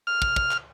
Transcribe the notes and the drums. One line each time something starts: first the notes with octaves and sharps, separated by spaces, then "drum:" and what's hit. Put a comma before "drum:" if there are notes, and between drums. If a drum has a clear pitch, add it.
F6
drum: kick
drum: kick
drum: clap